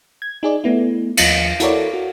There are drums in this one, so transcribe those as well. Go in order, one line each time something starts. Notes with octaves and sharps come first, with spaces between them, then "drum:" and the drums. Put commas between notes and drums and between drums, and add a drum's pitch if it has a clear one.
G#6
D#4 G#4 D5
A3 B3 E4
D#2 F3 D#5 C#7, drum: cymbal
E4 F#4 A4 A#4 C#5 D5, drum: hi-hat
F#4